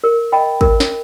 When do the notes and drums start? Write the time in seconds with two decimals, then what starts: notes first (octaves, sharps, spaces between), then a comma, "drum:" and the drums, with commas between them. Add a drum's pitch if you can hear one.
0.04 A#4
0.32 D#5 G5 B5
0.61 A#4, drum: kick
0.80 drum: snare